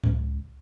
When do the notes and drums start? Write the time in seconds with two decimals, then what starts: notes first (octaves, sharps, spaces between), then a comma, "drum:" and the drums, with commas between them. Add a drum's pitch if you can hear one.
0.04 C#2, drum: tom A2